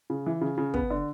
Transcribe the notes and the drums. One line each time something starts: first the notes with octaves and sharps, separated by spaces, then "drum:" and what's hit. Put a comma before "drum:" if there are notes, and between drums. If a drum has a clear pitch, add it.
C#3
E3
C#3
C#3
B3, drum: kick
D3